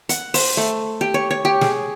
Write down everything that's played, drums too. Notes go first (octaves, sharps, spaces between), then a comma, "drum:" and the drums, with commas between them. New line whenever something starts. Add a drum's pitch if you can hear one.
F#5, drum: hi-hat
C5, drum: open hi-hat
A3
G4
C#5
C#5
G4
G#4, drum: snare